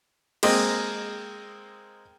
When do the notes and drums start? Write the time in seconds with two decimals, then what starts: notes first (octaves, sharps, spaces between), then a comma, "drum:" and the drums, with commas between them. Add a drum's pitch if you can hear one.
0.43 G#3 A#3 C4 D#5, drum: cymbal